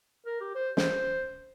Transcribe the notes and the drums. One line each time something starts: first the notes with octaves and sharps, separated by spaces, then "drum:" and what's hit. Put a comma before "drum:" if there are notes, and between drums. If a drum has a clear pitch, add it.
A#4
G4
C5
C5, drum: snare